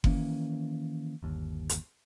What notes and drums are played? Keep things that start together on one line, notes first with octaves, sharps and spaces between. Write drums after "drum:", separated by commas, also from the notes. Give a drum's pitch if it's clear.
D#3 E3 A#3 C#4, drum: kick F#1
G1 D#2
drum: hi-hat